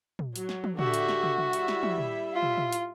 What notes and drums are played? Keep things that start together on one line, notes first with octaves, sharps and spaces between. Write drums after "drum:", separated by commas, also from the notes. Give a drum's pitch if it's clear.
drum: tom
F#3, drum: hi-hat
drum: snare
drum: tom
D3 F#4 G4 E5, drum: tom
drum: hi-hat
drum: snare
drum: tom
G3 E4 E5, drum: tom
drum: hi-hat
drum: snare
drum: tom
drum: tom
F4
drum: tom
drum: tom
drum: hi-hat